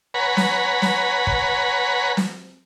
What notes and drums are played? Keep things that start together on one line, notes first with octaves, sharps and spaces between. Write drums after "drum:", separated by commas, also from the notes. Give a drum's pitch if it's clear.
B4 C#5 F#5 G#5 A#5 B5
drum: snare
drum: snare
drum: kick
drum: snare